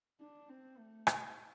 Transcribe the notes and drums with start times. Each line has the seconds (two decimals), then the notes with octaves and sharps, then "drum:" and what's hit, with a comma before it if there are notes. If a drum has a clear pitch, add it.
0.20 D4
0.49 C4
0.78 A3
1.07 drum: rim click